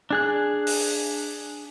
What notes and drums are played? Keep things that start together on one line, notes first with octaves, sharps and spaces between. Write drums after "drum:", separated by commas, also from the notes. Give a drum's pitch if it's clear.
D4 G#4 F#6
drum: open hi-hat